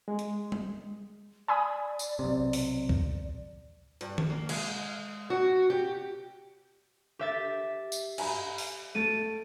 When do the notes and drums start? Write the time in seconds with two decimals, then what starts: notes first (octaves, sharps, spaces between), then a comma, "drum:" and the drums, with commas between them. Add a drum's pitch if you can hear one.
0.08 G#3
0.19 drum: hi-hat
0.52 drum: tom G3
1.48 D5 G#5 B5 D#6
1.99 drum: tambourine
2.19 B1 C3
2.53 drum: open hi-hat
2.89 D5, drum: kick C2
4.01 G2, drum: hi-hat
4.18 drum: tom D#3
4.30 A#3
4.49 G#3, drum: cymbal
5.30 F#4
5.70 G4
7.19 G4 E5 A6
7.92 drum: tambourine
8.18 G#5 A#5 B5, drum: cymbal
8.58 drum: open hi-hat
8.95 A3 A6 D7 D#7